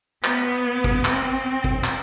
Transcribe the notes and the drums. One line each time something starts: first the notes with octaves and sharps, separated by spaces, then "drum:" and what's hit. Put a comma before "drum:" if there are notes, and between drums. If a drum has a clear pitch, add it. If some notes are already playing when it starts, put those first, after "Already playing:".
B3, drum: clap
drum: kick
C4, drum: clap
drum: kick
drum: clap